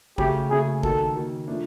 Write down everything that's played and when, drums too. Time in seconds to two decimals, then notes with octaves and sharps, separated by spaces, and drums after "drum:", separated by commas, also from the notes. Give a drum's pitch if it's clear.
0.18 C#3 F#3 A3 G4, drum: kick
0.51 C#3 F#3 A3 G#4
0.83 D#3 F#3 A#3 A4, drum: kick
1.16 D#3 F#3 A#3
1.48 F3 A3 D4